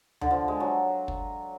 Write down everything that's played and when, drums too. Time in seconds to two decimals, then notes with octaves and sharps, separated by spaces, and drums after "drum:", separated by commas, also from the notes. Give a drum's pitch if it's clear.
0.21 D3, drum: tom D2
0.31 F3
0.48 G#3
0.60 F#3
1.08 drum: kick